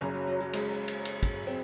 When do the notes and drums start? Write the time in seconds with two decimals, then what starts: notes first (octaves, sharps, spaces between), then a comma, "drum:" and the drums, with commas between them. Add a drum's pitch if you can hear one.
0.01 F#1 F#2 C#3 C#4
0.14 F#3
0.27 F#3
0.40 F#3
0.53 G#3, drum: cymbal
0.88 drum: cymbal
1.05 drum: cymbal
1.23 drum: kick, cymbal
1.47 C4